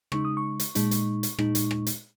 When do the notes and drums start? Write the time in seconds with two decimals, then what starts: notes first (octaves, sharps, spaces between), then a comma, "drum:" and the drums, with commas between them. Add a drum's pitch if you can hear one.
0.12 C#3 G#3 D#4 C#6, drum: rim click
0.25 D#6
0.37 C#6
0.60 drum: hi-hat
0.75 A#2 G#3 D#4, drum: hi-hat
0.91 drum: hi-hat
1.23 drum: hi-hat
1.39 A#2 G#3 D#4, drum: rim click
1.55 drum: hi-hat
1.71 drum: rim click
1.87 drum: hi-hat